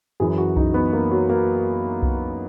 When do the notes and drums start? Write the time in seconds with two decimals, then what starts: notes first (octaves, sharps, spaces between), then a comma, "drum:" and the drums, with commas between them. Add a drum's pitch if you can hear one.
0.20 F#2 E3 G#4
0.38 F#4
0.57 D#4, drum: kick C2
0.74 B3
0.93 A#3
1.11 F#3
1.30 A#3
2.02 drum: kick C2